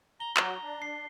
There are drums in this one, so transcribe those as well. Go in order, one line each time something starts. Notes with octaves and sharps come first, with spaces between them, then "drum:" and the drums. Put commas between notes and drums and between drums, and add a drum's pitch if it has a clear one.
A#5 G7
F#3 F#4 A#5, drum: clap
D4
C7